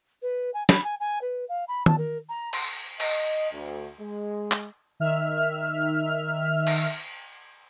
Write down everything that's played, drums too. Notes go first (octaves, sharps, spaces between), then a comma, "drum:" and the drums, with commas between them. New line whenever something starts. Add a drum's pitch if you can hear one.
B4
G#5
B5, drum: snare
G#5
G#5
B4
F5
B5
A5, drum: tom
A#4
A#5
C6, drum: cymbal
D#5, drum: cymbal
D2
G#3
drum: clap
D#3 E5 F6
drum: cymbal